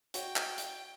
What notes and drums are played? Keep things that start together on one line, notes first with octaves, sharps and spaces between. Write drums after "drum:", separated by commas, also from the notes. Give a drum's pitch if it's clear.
F#4 C#5 G5, drum: hi-hat
drum: clap
drum: hi-hat